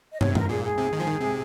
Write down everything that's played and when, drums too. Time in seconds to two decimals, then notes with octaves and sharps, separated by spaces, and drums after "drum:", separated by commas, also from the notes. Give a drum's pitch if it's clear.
0.12 D#5
0.21 C3 C#5, drum: tom
0.35 A#4, drum: tom
0.49 A#2 G#4
0.64 G#4
0.78 C3
0.92 D#3
1.00 F3
1.06 D#3
1.21 C3